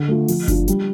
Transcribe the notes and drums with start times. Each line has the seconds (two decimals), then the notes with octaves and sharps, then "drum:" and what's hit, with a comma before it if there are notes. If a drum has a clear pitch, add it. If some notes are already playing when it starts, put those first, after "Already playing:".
Already playing: D3
0.08 A3 F4
0.28 F3, drum: open hi-hat
0.48 D4 F4, drum: kick F#1, hi-hat
0.68 G3, drum: hi-hat